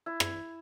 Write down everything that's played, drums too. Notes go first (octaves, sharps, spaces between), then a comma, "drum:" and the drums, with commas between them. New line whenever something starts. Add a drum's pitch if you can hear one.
E4
drum: rim click